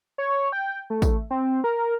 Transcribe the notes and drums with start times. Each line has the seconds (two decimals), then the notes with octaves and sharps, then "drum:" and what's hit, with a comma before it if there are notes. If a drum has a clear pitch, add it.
0.18 C#5
0.52 G5
0.90 A3
1.02 drum: kick, tambourine
1.31 C4
1.64 A#4